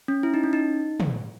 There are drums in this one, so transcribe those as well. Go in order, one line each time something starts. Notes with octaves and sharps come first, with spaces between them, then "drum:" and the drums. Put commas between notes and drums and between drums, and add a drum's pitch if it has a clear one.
C#4
E4
D#4
C#4
D#4
drum: tom